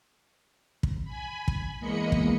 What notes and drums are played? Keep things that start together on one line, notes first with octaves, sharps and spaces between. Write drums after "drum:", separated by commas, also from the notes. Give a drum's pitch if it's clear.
drum: kick
G#5 B5
drum: kick
E2 G#3 A#3 D#5 B5 C#7
drum: kick